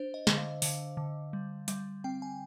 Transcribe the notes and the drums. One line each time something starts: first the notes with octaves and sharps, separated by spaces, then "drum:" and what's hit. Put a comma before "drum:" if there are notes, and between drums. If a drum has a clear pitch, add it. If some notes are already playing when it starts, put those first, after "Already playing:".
Already playing: D4 C5
D#5
D3, drum: snare
F5
D3, drum: open hi-hat
D3
G3
G3, drum: hi-hat
C4 G5
G#5